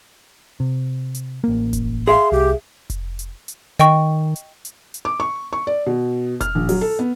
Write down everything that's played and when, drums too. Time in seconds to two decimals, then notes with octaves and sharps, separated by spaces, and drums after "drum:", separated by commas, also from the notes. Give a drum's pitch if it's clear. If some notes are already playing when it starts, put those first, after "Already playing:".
0.60 C3
1.15 drum: hi-hat
1.44 A1 A#3
1.73 drum: kick F1, hi-hat
2.07 G#4 E5 F5 C6
2.32 C2 G4
2.90 drum: kick F1, hi-hat
3.19 drum: hi-hat
3.48 drum: hi-hat
3.79 D#3 D#5 G5 C#6, drum: hi-hat
4.36 drum: hi-hat
4.65 drum: hi-hat
4.94 drum: hi-hat
5.05 D6
5.20 C#6
5.53 C#6
5.67 D5
5.86 B2
6.41 F6, drum: kick F1, hi-hat
6.55 A#1
6.69 F#3, drum: open hi-hat
6.81 A4
6.99 B3